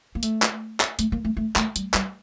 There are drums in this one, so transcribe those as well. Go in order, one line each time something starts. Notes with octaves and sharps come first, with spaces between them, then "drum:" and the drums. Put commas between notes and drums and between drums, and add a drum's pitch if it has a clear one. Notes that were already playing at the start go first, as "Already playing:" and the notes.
A#3
A3, drum: hi-hat
drum: clap
drum: clap
A3, drum: hi-hat
A#3
A3
A3
A3, drum: clap
G3, drum: hi-hat
G3, drum: clap